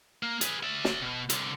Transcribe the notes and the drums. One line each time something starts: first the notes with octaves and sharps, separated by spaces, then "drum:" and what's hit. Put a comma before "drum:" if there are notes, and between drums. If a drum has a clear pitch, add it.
A#3
G#4 B4, drum: hi-hat
D5 E5
drum: snare
B2
C2 D3, drum: hi-hat